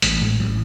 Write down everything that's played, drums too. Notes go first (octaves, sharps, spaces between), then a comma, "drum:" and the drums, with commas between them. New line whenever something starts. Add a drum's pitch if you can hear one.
A1 G#3, drum: hi-hat
A2 G#3
A1 F#3